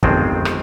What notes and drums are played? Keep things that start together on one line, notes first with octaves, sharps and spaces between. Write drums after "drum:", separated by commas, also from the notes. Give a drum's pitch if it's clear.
G1 F2 D#3 G#3 C4, drum: kick
drum: rim click